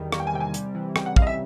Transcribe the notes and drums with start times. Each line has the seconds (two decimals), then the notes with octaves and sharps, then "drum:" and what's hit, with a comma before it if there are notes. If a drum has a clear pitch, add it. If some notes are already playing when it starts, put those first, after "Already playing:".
Already playing: E2 D#3 G3
0.12 A#3 C#6, drum: rim click
0.20 G5
0.27 G#5
0.33 C3 G5
0.40 G#5
0.54 G3, drum: hi-hat
0.75 E3
0.96 C#3 G5, drum: rim click
1.06 F#5
1.16 C#3 F5, drum: kick
1.22 D#5
1.27 E5